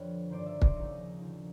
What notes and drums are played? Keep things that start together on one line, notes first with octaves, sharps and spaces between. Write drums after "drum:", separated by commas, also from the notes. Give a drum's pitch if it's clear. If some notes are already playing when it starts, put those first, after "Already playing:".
Already playing: F2 D3 F3 B4 C#5
G2 D#3 C5 D5
D5 E5
C5 D5, drum: kick
D#2 C#3 F3 C#5 D#5
D#2 D3 F3